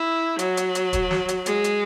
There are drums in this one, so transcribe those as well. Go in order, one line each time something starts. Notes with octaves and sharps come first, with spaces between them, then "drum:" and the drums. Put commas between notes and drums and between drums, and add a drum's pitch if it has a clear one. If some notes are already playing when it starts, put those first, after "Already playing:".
Already playing: E4
F#3, drum: hi-hat
drum: hi-hat
drum: hi-hat
drum: kick, hi-hat
drum: snare
drum: hi-hat
G#3, drum: hi-hat
drum: hi-hat